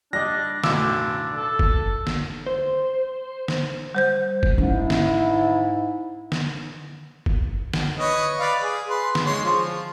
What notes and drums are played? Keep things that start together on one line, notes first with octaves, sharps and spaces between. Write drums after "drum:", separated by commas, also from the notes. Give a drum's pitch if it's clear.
G3 D4 D#5 A#6
B1 F#2 A2 D4 D6 E6, drum: snare
A4
drum: kick F#1
drum: snare
C5
drum: snare
G3 C5 G6
drum: kick F#1
G#2 C#4 E4
drum: snare
drum: snare
drum: kick F#1
drum: snare
B4 C#5 D#5
B4 D5 F5
G#4
B4 C6
drum: snare
G#3 C#5 C6
F3